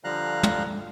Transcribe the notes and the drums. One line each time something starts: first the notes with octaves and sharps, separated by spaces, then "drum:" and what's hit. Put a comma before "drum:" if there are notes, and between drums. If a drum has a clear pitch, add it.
D3 F3 G3 F5 A#5 F#6
drum: tom